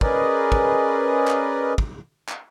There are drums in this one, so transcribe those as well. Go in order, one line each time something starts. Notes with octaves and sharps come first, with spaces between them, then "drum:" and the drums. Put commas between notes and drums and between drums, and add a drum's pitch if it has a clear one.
C#4 G#4 A#4 B4 D5 D#5, drum: kick
drum: kick
drum: clap
drum: kick
drum: clap